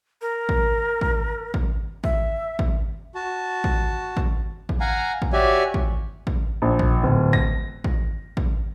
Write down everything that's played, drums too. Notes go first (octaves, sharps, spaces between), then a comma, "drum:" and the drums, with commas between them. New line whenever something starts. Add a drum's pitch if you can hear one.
A#4
drum: kick
drum: kick
drum: kick
E5, drum: kick
drum: kick
F#4 A5
drum: kick
drum: kick
drum: kick
F5 F#5 G#5 A#5
drum: kick
F#4 G4 C#5 D5 E5 G#5
drum: kick
drum: kick
A#1
drum: kick
D1
A#6, drum: kick
drum: kick
drum: kick